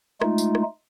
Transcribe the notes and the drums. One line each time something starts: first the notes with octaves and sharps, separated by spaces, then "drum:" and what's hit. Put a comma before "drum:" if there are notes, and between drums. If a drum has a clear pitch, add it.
G#3 A3 D#4 F4, drum: rim click
drum: tambourine
drum: rim click